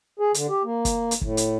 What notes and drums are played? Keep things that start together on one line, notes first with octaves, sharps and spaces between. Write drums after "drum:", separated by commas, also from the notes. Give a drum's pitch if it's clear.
G#4
D3, drum: hi-hat
G4
A#3
drum: kick, hi-hat
drum: hi-hat
A2, drum: kick
drum: hi-hat